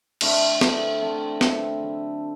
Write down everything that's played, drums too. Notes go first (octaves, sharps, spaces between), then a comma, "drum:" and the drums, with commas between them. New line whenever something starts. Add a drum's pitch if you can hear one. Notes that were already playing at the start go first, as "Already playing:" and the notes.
D3 A3 C4 E4, drum: cymbal
D3 A3 C4 E4, drum: snare
D3 A3 C4 E4
D3 A3 C4 E4, drum: snare
D3 F#3 A3